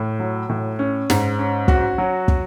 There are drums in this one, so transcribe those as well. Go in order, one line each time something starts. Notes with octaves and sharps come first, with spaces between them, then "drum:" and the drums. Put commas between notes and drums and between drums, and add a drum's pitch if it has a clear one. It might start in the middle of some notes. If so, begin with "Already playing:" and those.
Already playing: A2
F#3
A2
C#4
G#2, drum: snare
C#4
F#4, drum: kick
F#3
drum: kick